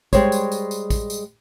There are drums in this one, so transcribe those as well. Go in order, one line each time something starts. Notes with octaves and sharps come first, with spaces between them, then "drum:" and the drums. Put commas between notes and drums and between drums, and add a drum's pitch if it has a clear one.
G3 G#3 C5 C#5, drum: kick, tambourine
drum: tambourine
drum: tambourine
drum: tambourine
drum: kick, tambourine
drum: tambourine